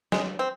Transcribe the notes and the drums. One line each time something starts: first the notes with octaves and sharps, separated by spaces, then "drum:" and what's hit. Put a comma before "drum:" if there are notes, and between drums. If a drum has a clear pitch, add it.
G#3, drum: snare
C4